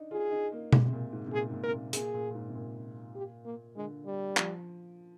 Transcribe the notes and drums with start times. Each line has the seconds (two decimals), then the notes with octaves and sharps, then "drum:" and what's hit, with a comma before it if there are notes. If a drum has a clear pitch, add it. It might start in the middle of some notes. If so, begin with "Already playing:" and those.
Already playing: D4 D#4
0.11 F4 G#4
0.31 D#4
0.52 A#3
0.73 G#3, drum: tom B2
0.86 C3
0.93 A#2
1.12 G#2
1.26 C3
1.33 A#2 G#4
1.49 G#2
1.54 A#2
1.63 C3 A#4
1.74 A#2
1.93 A#2 G#4, drum: hi-hat
2.14 A#2
2.30 A#2
2.35 G#2
2.48 C3
2.55 A#2
3.15 G4
3.45 A#3
3.76 D3 G#3
4.06 G3
4.37 F3, drum: clap